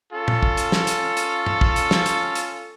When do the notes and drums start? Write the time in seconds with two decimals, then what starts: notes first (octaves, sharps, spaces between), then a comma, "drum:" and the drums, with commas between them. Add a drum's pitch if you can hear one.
0.13 C#4 F4 A4
0.28 drum: tom
0.43 drum: kick
0.57 drum: hi-hat
0.72 drum: snare
0.87 drum: hi-hat
1.17 drum: hi-hat
1.46 drum: tom G2
1.61 drum: kick
1.76 drum: hi-hat
1.91 drum: snare
2.06 drum: hi-hat
2.35 drum: hi-hat